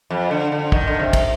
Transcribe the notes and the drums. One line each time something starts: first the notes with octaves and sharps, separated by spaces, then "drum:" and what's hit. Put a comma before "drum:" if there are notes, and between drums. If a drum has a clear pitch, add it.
F2
D3
D3
D#3, drum: kick
D3
C3
drum: kick, cymbal